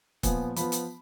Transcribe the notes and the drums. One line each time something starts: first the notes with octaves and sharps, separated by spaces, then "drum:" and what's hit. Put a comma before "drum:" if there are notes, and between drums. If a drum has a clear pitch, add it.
A#2 F3 B3 G#5, drum: kick, hi-hat
F3 B3 B5, drum: hi-hat
drum: hi-hat